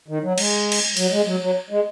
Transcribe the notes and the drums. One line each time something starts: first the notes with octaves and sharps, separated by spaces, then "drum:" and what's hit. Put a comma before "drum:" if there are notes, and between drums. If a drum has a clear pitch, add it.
D#3
F#3
G#3, drum: cymbal
drum: cymbal
F#3, drum: cymbal
G#3
F#3
F#3
G#3